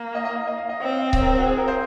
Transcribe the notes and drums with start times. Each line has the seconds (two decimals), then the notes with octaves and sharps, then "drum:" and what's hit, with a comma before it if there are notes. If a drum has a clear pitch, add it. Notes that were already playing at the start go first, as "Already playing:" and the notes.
Already playing: A#3
0.15 D#5
0.25 D#5
0.36 F5
0.47 D#5
0.58 F5
0.69 D#5
0.80 C4 C#5
0.91 F5
1.02 D#5
1.13 C#5, drum: kick C#1
1.21 A#4
1.38 F#4
1.46 G#4
1.57 A#4
1.68 C5